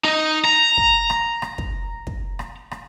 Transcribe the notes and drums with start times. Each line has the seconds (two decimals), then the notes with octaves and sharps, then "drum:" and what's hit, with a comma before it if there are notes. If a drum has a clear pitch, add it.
0.05 D#4
0.45 A#5
0.77 drum: kick
1.10 drum: rim click
1.42 drum: rim click
1.58 drum: kick
2.07 drum: kick
2.39 drum: rim click
2.71 drum: rim click